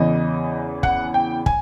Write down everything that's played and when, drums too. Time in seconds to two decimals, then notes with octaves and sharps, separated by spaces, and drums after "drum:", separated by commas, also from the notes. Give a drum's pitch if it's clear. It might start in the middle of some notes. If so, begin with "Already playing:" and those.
Already playing: E2 C#3 E3 D#5
0.83 F#5, drum: kick
1.14 G5
1.46 G#5, drum: kick